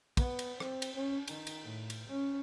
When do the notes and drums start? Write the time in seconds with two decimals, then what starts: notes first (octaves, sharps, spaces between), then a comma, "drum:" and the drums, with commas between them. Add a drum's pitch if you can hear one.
0.17 B3, drum: kick, cymbal
0.39 drum: cymbal
0.60 C4, drum: rim click
0.82 drum: cymbal
0.95 C#4
1.28 D#3, drum: cymbal
1.47 drum: cymbal
1.63 A2
1.90 drum: cymbal
2.08 C#4